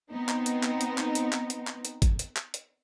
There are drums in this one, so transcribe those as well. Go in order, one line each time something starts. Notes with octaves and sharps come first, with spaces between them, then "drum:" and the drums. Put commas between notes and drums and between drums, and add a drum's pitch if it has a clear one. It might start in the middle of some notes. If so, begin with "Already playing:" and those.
B3 C4 D#4
drum: clap
drum: hi-hat
drum: clap
drum: hi-hat
drum: clap
drum: hi-hat
drum: clap
drum: hi-hat
drum: clap
drum: hi-hat
drum: kick, hi-hat
drum: hi-hat
drum: clap
drum: hi-hat